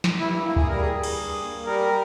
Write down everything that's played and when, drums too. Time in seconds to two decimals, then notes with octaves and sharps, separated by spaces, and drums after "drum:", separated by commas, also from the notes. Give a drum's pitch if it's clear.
0.04 drum: snare
0.20 G2 E4
0.33 E4
0.44 A#3 E4
0.56 G#4, drum: kick
0.68 G3 A#4
0.80 G#4
0.93 G2
1.03 drum: cymbal
1.17 G2
1.41 A#3
1.65 G3 A#4